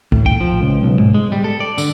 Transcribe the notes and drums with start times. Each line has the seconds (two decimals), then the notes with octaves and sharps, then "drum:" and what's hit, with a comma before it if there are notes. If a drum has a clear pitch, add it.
0.12 A2, drum: kick
0.26 G5, drum: kick
0.41 F3
0.62 C#2
0.83 B1
0.99 G#2
1.14 G#3
1.32 G3
1.44 A4
1.60 D5
1.78 D3, drum: tambourine